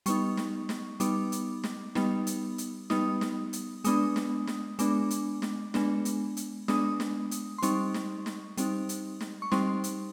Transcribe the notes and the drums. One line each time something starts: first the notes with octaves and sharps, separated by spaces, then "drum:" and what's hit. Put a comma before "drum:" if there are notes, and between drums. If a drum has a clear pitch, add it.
G3 B3 D#4 C#6, drum: hi-hat
drum: snare
drum: snare
G3 B3 D#4 D6, drum: hi-hat
drum: hi-hat
drum: snare
G3 B3 D#4, drum: snare
drum: hi-hat
drum: hi-hat
G3 B3 D#4 D#6, drum: snare
drum: snare
drum: hi-hat
G#3 B3 D4 D#6, drum: hi-hat
drum: snare
drum: snare
G#3 B3 D4 D6, drum: hi-hat
drum: hi-hat
drum: snare
G#3 B3 D4, drum: snare
drum: hi-hat
drum: hi-hat
G#3 B3 D4 D#6, drum: snare
drum: snare
drum: hi-hat
C6
G3 C4 D#4 C#6, drum: hi-hat
drum: snare
drum: snare
G3 C4 D#4, drum: hi-hat
drum: hi-hat
drum: snare
C#6
G3 C4 D#4 C6, drum: snare
drum: hi-hat